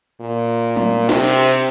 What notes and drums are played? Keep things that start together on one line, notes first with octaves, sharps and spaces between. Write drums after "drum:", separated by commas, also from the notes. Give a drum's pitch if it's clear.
A#2
drum: tom
C3, drum: snare
drum: cymbal